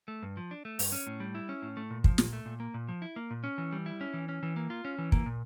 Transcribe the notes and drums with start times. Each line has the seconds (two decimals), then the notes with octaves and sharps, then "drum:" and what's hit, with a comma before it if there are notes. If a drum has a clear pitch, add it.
0.08 A3
0.23 G2
0.37 F3
0.51 D4
0.65 A3
0.79 G2, drum: open hi-hat
0.92 C#4
1.07 A2
1.20 G3
1.35 E4
1.49 C#4
1.62 A2
1.77 A3
1.91 A#2
2.04 F3, drum: kick
2.18 A#2, drum: snare
2.33 A3
2.46 A#2
2.60 A#3
2.74 A#2
2.89 F3
3.02 E4
3.16 A#3
3.31 A#2
3.44 C#4
3.58 E3
3.72 G3
3.86 E4
4.01 C#4
4.13 E3
4.29 C#4
4.43 E3
4.56 A#3
4.70 F4
4.85 C#4
4.98 E3
5.12 A#3, drum: kick
5.26 A#2